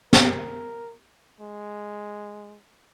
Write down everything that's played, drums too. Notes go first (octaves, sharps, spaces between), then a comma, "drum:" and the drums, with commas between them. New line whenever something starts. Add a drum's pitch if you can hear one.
A#4, drum: snare
G#3